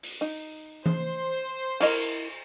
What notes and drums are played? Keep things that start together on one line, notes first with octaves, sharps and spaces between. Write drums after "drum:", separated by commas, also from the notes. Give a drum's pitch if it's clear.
drum: open hi-hat
D#4
C5, drum: tom E3
E4 A#4 D#5, drum: cymbal